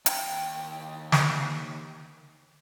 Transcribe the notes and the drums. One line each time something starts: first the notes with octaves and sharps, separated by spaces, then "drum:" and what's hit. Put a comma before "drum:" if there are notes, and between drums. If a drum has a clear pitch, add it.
D#2 G5, drum: hi-hat
drum: snare